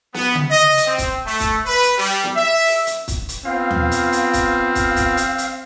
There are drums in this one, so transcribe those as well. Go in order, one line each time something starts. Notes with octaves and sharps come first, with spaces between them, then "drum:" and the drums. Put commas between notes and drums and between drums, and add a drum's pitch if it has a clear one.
B3, drum: snare
drum: tom C#3
D#5
drum: hi-hat
C4
drum: kick, hi-hat
A3
drum: kick, hi-hat
B4
drum: hi-hat
G3
drum: snare
E5
drum: open hi-hat
drum: hi-hat
drum: kick, hi-hat
drum: hi-hat
B3 C4 F4 F5
drum: tom D#2
drum: hi-hat
drum: hi-hat
drum: kick, hi-hat
drum: kick, hi-hat
drum: kick, hi-hat
drum: hi-hat
drum: hi-hat